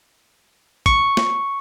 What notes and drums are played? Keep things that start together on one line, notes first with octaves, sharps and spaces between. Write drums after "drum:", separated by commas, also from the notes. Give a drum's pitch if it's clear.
C#6, drum: kick, hi-hat
drum: snare